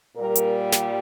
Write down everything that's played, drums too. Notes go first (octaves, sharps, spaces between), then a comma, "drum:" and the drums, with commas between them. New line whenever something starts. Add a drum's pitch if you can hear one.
A#2 G3 A#4
drum: hi-hat
drum: snare